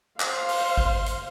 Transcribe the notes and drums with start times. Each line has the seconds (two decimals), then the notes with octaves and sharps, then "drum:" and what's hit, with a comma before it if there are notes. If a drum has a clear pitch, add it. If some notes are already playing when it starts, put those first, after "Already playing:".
0.20 C5 F5, drum: clap
0.49 drum: open hi-hat
0.78 drum: kick G#1
1.06 drum: hi-hat